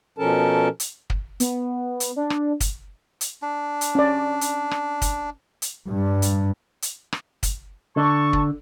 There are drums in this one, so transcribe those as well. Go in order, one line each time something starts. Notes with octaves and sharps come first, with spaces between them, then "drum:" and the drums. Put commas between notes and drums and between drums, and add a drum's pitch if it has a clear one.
B2 F3 C#4 A4 A#4 A5
drum: hi-hat
drum: kick
B3, drum: hi-hat
drum: hi-hat
D4
drum: rim click
drum: kick, hi-hat
drum: hi-hat
D4
drum: hi-hat
C#4 D5
drum: hi-hat
drum: rim click
drum: kick, hi-hat
drum: hi-hat
G2
drum: hi-hat
drum: hi-hat
drum: rim click
drum: kick, hi-hat
D3 A5 C#6
drum: kick